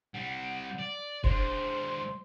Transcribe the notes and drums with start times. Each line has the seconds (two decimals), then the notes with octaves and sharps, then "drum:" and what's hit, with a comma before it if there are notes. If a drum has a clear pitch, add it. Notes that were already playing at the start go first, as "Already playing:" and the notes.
0.14 G3 C4 F#5
0.79 D5
1.24 G#3 D4 C5 C6, drum: kick